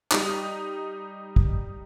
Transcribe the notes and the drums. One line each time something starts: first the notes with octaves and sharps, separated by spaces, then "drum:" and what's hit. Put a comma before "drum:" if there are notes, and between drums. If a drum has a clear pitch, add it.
G3 D#4, drum: clap
drum: kick